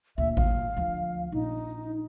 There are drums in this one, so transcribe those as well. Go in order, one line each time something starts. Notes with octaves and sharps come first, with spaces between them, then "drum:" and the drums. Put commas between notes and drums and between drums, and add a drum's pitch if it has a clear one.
D2 A#2 E5
F5, drum: kick G#1
D2 F3
A#1 D#4